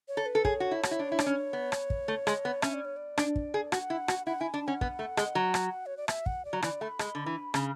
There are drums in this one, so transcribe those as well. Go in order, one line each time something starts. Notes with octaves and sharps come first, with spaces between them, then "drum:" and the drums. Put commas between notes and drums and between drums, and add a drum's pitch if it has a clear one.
C#5
A4
B4
A4
G#4 C#5, drum: kick
F#4
E4
F#4, drum: rim click
E4
D4
E4
D4, drum: rim click
C#4
B3
drum: rim click
drum: kick
A3
G#3, drum: rim click
B3
C#4 E5, drum: rim click
D5
C#5
D5
D4, drum: rim click
drum: kick
G#4
F#4 F#5, drum: rim click
E4
F#4, drum: rim click
E4 F#5
E4 G#5
D4 A5
C#4 F#5
B3, drum: kick
A3
G#3, drum: rim click
F#3
drum: rim click
C#5
D5
E5, drum: rim click
F#5, drum: kick
D5
F#3
E3 D5, drum: rim click
A3 B5
G#3, drum: rim click
D3
E3
C#3, drum: rim click